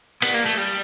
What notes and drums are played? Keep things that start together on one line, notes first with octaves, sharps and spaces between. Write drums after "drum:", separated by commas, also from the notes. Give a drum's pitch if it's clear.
B3, drum: cymbal
A#3
A3
G3